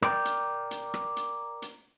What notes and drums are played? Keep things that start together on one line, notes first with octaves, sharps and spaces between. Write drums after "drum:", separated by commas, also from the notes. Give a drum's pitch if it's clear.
A#4 D5 G5, drum: rim click
drum: hi-hat
drum: hi-hat
drum: rim click
drum: hi-hat
drum: hi-hat